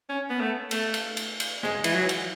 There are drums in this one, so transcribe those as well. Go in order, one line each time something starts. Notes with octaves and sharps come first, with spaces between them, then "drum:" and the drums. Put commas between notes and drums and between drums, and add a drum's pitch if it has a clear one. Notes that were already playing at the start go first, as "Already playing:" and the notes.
C#4
B3
A3
A3, drum: cymbal
drum: cymbal
drum: cymbal
drum: cymbal
G#3, drum: rim click
E3, drum: cymbal
F#3
drum: cymbal